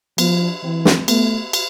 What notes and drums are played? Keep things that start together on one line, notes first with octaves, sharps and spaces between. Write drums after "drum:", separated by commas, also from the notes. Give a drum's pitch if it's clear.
F3 B3, drum: cymbal
D4
E3 C4
C4, drum: snare
A3 B3, drum: cymbal
drum: cymbal